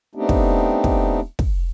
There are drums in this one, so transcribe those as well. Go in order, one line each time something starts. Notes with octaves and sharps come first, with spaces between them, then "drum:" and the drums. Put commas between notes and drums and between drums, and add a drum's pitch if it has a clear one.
A3 B3 C4 D4 D#4 G4
drum: kick
drum: kick
drum: kick